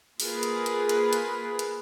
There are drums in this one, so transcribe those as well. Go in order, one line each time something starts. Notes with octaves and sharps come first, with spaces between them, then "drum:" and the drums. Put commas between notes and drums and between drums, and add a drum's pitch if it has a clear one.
A#3 F4 G#4 A#4 B4, drum: open hi-hat
drum: hi-hat
drum: hi-hat
drum: hi-hat
drum: hi-hat
drum: hi-hat